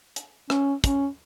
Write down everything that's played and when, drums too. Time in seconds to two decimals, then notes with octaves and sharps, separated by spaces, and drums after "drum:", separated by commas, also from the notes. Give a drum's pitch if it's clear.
0.16 drum: hi-hat
0.50 C#4, drum: rim click
0.84 C#4, drum: kick, hi-hat